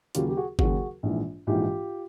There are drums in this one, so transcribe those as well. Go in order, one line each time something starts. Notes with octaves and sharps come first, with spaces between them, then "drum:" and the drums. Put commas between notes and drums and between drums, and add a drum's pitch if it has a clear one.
D#2 C#3 F#3 F4 G4, drum: hi-hat
G4
F#4 G#4
D#2 C#3 F#3 F#4 G#4, drum: kick G1
A#1 G#2 E3
A#1 G#2 E3 F4 G4